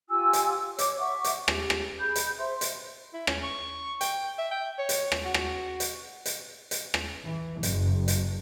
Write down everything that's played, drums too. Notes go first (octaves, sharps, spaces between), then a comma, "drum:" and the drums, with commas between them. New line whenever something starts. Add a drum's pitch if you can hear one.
F4 G4 G#5 E6
drum: hi-hat
C#5 D6, drum: hi-hat
E5 F#5 C#6 D6
drum: hi-hat
G4, drum: rim click
drum: rim click
G#4 B5 G6
drum: hi-hat
C5 E5 C6
drum: hi-hat
E4
C#4, drum: rim click
C#6
G5, drum: hi-hat
E5
G5
C#5
drum: hi-hat
drum: rim click
F#4
drum: rim click
drum: hi-hat
drum: hi-hat
drum: hi-hat
drum: rim click
E3
F#1, drum: hi-hat
drum: hi-hat